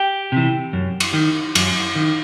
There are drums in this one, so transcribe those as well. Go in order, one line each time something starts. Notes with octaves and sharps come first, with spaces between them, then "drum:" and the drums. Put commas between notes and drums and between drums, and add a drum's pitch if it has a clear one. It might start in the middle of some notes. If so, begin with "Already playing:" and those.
Already playing: G4
C3 E3
F#2
drum: cymbal
D#3
F#2, drum: cymbal
D#3